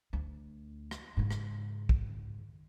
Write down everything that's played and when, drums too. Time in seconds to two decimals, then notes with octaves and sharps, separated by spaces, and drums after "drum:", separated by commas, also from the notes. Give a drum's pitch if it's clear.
0.13 D2
0.91 drum: rim click
1.17 G#2 C#3
1.31 drum: rim click
1.89 drum: kick